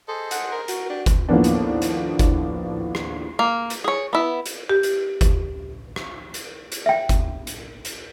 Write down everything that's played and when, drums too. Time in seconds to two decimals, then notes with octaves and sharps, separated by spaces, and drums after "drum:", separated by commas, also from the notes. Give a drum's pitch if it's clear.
0.08 G#4 A4 C5 D#5
0.31 F#5, drum: hi-hat
0.52 A#4
0.68 F#4, drum: hi-hat
0.89 D4 G4
1.06 drum: kick F#1, hi-hat
1.29 D#2 A2 F3 A#3 B3 D4
1.44 drum: hi-hat
1.82 drum: hi-hat
2.19 drum: kick F#1, hi-hat
2.95 drum: rim click
3.39 A#3
3.70 drum: hi-hat
3.84 G#4 C#5
4.13 B3 E4
4.46 drum: hi-hat
4.69 G4
4.83 drum: hi-hat
5.21 drum: kick F#1, hi-hat
5.96 drum: rim click
6.34 drum: hi-hat
6.72 drum: hi-hat
6.86 E5 G5
7.09 drum: kick F#1, hi-hat
7.47 drum: hi-hat
7.85 drum: hi-hat